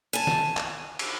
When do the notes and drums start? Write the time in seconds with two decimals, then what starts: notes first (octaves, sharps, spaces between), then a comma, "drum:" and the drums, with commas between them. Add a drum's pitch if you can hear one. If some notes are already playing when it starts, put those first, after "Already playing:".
0.13 G#5 A5
0.27 drum: snare
0.57 drum: clap
0.99 drum: cymbal